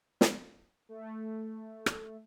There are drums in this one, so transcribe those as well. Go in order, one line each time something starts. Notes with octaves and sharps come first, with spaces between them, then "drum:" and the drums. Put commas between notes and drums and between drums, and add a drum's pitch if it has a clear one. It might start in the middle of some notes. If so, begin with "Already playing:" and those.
drum: snare
A3
drum: rim click